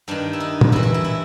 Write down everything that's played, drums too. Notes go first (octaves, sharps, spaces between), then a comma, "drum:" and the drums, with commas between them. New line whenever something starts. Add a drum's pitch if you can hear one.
G2 D#3 D4
E4
D#4
drum: tom
G2 E3 E4
E4
E4
E4